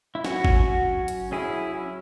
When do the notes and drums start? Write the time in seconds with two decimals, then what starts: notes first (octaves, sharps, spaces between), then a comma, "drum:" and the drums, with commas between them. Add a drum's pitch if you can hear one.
0.15 E4
0.25 F#3 C#4 F#4, drum: snare
0.45 drum: kick G#1
1.08 drum: hi-hat
1.32 F#3 C#4 E4 G#4